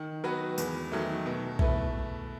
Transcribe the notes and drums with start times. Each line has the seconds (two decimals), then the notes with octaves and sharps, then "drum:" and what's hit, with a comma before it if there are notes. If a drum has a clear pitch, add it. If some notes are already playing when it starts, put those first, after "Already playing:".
Already playing: D#3
0.24 F#3 B3 F#4 B4
0.58 E2, drum: tambourine
0.92 D#3 F#3 A3
1.26 B2
1.59 A3 E4 B4, drum: kick B1